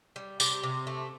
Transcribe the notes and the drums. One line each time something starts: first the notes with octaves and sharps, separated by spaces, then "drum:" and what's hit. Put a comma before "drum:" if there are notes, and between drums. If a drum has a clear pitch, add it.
G3
C3 G4, drum: tambourine
C3
A3